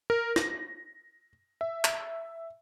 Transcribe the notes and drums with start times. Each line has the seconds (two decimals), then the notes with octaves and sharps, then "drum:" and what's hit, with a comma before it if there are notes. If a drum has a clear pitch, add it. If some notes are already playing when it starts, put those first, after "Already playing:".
0.10 A#4
0.36 A#6, drum: snare
1.61 E5
1.85 drum: clap